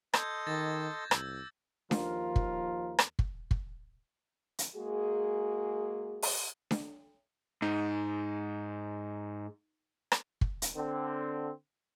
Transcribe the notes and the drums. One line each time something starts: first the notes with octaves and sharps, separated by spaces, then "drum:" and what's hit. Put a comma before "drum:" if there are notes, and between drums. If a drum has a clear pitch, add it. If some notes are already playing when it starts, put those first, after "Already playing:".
A4 D#5 C6 G6 G#6, drum: rim click
D#3 D6 A6 A#6
C2 E6, drum: rim click
D#2 F3 F4 A#4, drum: snare D4
drum: kick
drum: rim click
drum: kick
drum: kick
drum: hi-hat
G#3 A#3 F#4 G#4
drum: open hi-hat
drum: snare D4
G#2 D#4
drum: rim click
drum: kick
drum: hi-hat
D3 C4